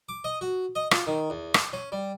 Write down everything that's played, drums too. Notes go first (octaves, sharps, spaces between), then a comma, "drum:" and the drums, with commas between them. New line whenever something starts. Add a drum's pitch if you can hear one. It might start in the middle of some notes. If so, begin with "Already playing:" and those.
D6
D#5
F#4
D#5
F4, drum: rim click
D#3
E2
A5, drum: rim click
C#4
G3